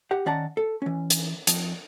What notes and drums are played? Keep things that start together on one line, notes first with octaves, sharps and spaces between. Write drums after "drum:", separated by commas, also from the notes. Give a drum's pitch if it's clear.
G4 F#5
D#3 C#4 D5 F#5 A5 A#5
A4
E3 C#4
drum: hi-hat
F2, drum: hi-hat